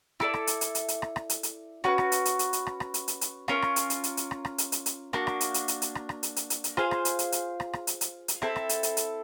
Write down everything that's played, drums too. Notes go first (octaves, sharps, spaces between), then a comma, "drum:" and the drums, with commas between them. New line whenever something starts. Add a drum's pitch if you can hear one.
E4 A4 D5, drum: rim click
drum: rim click
drum: hi-hat
drum: hi-hat
drum: hi-hat
drum: hi-hat
drum: rim click
drum: rim click
drum: hi-hat
drum: hi-hat
C#4 F#4 B4, drum: rim click
drum: rim click
drum: hi-hat
drum: hi-hat
drum: hi-hat
drum: hi-hat
drum: rim click
drum: rim click
drum: hi-hat
drum: hi-hat
drum: hi-hat
C#4 F4 A#4, drum: rim click
drum: rim click
drum: hi-hat
drum: hi-hat
drum: hi-hat
drum: hi-hat
drum: rim click
drum: rim click
drum: hi-hat
drum: hi-hat
drum: hi-hat
A#3 D4 F#4, drum: rim click
drum: rim click
drum: hi-hat
drum: hi-hat
drum: hi-hat
drum: hi-hat
drum: rim click
drum: rim click
drum: hi-hat
drum: hi-hat
drum: hi-hat
drum: hi-hat
F4 G#4 C5 F5, drum: rim click
drum: rim click
drum: hi-hat
drum: hi-hat
drum: hi-hat
drum: rim click
drum: rim click
drum: hi-hat
drum: hi-hat
drum: hi-hat
C4 E4 A4, drum: rim click
drum: rim click
drum: hi-hat
drum: hi-hat
drum: hi-hat